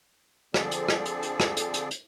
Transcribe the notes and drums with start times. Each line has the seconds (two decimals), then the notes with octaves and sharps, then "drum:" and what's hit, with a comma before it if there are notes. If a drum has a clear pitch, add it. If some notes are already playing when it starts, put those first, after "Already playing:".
0.54 D3 F3 C4 G#4 A4 D5, drum: rim click
0.71 drum: hi-hat
0.88 drum: rim click
1.06 drum: hi-hat
1.23 drum: hi-hat
1.40 drum: rim click
1.57 drum: hi-hat
1.74 drum: hi-hat
1.91 drum: hi-hat